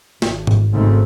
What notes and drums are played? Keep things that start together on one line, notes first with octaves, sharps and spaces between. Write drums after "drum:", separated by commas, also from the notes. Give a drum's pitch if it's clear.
G#1, drum: snare
drum: tom G#2
G#1 G#2 C#3 A3 C4